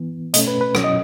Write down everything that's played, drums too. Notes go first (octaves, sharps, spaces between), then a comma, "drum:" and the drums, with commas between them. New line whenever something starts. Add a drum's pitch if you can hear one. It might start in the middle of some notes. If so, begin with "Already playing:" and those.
Already playing: E3 B3
B2 A3 C#4 D#5, drum: hi-hat
B4
B4
B2 F#3 C#4, drum: rim click
D#5